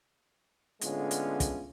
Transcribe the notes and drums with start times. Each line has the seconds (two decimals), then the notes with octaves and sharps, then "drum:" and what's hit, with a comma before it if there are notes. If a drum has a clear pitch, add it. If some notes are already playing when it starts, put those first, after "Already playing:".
0.81 A2 D3 G#3 B3 C#4 F4, drum: hi-hat
1.11 drum: hi-hat
1.40 drum: kick, hi-hat